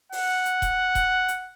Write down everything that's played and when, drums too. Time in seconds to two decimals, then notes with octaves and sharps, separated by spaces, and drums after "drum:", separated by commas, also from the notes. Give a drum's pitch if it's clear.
0.12 F#5, drum: open hi-hat
0.45 drum: hi-hat
0.62 drum: kick E1, hi-hat
0.95 drum: kick E1, hi-hat
1.28 drum: hi-hat